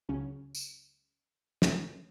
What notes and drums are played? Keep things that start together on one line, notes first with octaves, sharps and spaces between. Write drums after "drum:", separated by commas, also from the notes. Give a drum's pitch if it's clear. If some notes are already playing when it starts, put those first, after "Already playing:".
C#2 C#3 F#3 C#4
drum: tambourine
F3 A3 C#4, drum: snare